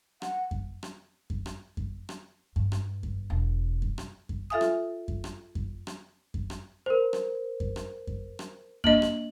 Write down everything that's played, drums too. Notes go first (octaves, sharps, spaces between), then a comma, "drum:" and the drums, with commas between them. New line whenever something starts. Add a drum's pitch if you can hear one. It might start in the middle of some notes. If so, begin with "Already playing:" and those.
F#5, drum: rim click
drum: kick F#2
drum: rim click
drum: kick F#2
drum: rim click
drum: kick F#2
drum: rim click
G2, drum: kick F#2
drum: rim click
drum: kick F#2
E1
drum: kick F#2
drum: rim click
drum: kick F#2
F4 A4 E5 F5 G#5 D#6
drum: rim click
drum: kick F#2
drum: rim click
drum: kick F#2
drum: rim click
drum: kick F#2
drum: rim click
A#4 C5
drum: rim click
drum: kick F#2
drum: rim click
drum: kick F#2
drum: rim click
A#3 D4 D#5 F#7, drum: kick F#2
drum: rim click